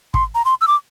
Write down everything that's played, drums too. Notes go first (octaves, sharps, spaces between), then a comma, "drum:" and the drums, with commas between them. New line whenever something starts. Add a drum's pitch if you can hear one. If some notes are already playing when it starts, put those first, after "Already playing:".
C6, drum: kick
A#5
C6
E6
D6